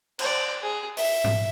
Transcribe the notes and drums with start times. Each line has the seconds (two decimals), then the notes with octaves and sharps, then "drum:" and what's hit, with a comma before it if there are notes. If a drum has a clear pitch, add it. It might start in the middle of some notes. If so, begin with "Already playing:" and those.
0.19 C5 D5, drum: cymbal
0.62 G#4
0.97 E5, drum: open hi-hat
1.24 drum: tom G#2